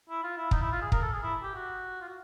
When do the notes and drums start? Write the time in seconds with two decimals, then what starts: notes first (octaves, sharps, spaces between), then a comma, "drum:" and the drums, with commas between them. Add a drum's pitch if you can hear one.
0.10 E4
0.23 F4
0.37 E4
0.51 D#4, drum: kick
0.61 E4
0.72 F4
0.82 G#4
0.92 A#4, drum: kick
1.02 A4
1.13 G#4
1.23 E4
1.43 G4
1.55 F#4
2.01 F4
2.08 F#4